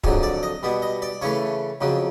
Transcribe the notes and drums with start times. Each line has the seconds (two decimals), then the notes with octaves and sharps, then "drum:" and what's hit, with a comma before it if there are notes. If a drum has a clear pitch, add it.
0.04 F2 D3 F#3 G#4, drum: kick
0.23 D5
0.43 D#5
0.63 B2 G3 B3
0.82 D#5
1.02 D5
1.22 C#3 E3 A3 C#5
1.81 F2 C#3 F#3